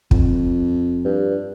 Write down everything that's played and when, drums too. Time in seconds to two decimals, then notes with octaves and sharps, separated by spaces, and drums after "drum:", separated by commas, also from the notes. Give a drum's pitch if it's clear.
0.11 F2, drum: kick
1.05 G2